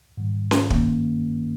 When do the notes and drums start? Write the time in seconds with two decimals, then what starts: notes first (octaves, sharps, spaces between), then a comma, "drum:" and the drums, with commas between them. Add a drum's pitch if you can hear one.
0.17 G#2 D#3 G3
0.51 drum: snare C#4
0.70 G1 G2 D#3 A#3 C#4, drum: kick